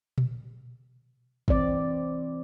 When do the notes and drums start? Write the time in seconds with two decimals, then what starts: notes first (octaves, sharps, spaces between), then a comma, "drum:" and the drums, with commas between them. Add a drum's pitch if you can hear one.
0.18 drum: tom A#2
1.48 E3 C4 D5, drum: kick